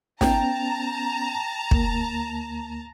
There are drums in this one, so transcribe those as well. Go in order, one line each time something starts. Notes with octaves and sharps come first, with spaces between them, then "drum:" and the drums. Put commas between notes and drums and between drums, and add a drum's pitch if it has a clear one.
B3 C#4 G5 A5 A#5, drum: snare
D2 A#3, drum: kick